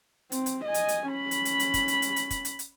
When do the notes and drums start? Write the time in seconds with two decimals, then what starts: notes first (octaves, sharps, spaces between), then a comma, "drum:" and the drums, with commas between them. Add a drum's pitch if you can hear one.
0.32 C4, drum: hi-hat
0.46 drum: hi-hat
0.65 D#5 G#5
0.74 drum: hi-hat
0.89 drum: hi-hat
1.09 C#4 B5
1.31 drum: hi-hat
1.45 drum: hi-hat
1.60 drum: hi-hat
1.74 drum: kick, hi-hat
1.88 drum: hi-hat
2.02 drum: hi-hat
2.16 drum: hi-hat
2.30 drum: kick, hi-hat
2.45 drum: hi-hat
2.59 drum: hi-hat